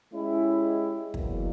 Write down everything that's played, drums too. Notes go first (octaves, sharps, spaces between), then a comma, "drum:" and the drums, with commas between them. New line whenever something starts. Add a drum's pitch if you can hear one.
G#3 C#4 E4 G4
E2 B2 F#3 A#3, drum: kick